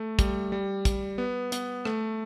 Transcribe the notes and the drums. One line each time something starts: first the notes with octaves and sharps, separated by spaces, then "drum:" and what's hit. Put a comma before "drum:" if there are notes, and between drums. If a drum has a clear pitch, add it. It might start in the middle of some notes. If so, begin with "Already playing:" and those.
Already playing: A3
G3, drum: kick, hi-hat
G3
drum: kick, hi-hat
B3
B3, drum: hi-hat
A3, drum: rim click